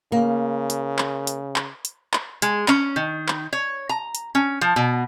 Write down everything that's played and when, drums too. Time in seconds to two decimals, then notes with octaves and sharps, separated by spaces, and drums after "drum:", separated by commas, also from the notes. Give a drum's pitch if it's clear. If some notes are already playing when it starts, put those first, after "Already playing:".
0.12 C#3 A#3
0.70 drum: hi-hat
0.99 drum: clap
1.27 drum: hi-hat
1.56 drum: clap
1.85 drum: hi-hat
2.13 drum: clap
2.42 G#3, drum: hi-hat
2.68 C#4, drum: clap
2.96 D#3
3.28 drum: clap
3.53 C#5
3.89 A#5
4.15 drum: hi-hat
4.35 C#4
4.61 F3
4.76 B2